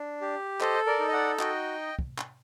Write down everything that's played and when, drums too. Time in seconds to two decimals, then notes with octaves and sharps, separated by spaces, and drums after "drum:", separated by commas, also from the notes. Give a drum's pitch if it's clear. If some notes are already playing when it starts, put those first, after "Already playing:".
Already playing: D4
0.21 G4
0.61 A4 C5 D#5, drum: clap
0.86 A#4 D5
1.00 D#4
1.08 D#5
1.13 D5 F#5
1.39 F#4 D#5 G5, drum: clap
1.99 drum: kick
2.18 drum: clap